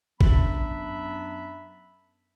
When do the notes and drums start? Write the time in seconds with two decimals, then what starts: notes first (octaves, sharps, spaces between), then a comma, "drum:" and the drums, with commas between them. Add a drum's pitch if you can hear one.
0.21 F#2 F#3 B3 D4 E5 B5, drum: kick G#1